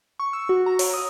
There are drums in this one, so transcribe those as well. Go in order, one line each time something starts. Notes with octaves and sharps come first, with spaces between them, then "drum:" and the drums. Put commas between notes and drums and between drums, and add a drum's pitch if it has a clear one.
C#6
E6
F#4
A#5
C#5, drum: open hi-hat
D#6